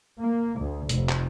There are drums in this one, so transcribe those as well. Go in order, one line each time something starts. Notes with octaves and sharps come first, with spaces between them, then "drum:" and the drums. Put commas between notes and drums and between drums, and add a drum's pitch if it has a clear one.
A#3
D2
F1, drum: hi-hat
drum: clap